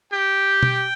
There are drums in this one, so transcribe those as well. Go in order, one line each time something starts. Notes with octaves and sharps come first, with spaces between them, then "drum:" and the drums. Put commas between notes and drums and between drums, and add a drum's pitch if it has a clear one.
G4 G5
drum: tom B2